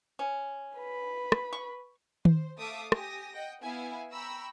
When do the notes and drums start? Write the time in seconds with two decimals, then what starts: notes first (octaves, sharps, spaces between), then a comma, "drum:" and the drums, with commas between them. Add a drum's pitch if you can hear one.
0.19 C#4
0.76 B4 B5
1.32 drum: rim click
1.53 C#6
2.25 C5, drum: tom D#3
2.59 A3 E5 F5 D6 D#6
2.92 G4 G#5 D#6 A#6, drum: rim click
3.33 D#5 F#5 G5
3.62 B3 E4 E5 F5 G#5
4.11 G5 A#5 B5 C#6 E6